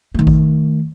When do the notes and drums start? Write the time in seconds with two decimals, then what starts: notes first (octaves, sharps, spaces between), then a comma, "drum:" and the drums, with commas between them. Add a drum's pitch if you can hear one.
0.14 D#3 A3
0.27 drum: kick G#1